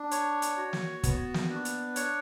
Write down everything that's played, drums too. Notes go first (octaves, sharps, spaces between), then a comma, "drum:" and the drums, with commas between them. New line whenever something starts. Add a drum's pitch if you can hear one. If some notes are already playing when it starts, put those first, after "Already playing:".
Already playing: D4
C#5, drum: hi-hat
drum: hi-hat
F#4
drum: snare
B3, drum: kick, hi-hat
drum: snare
D4
drum: hi-hat
C#5, drum: hi-hat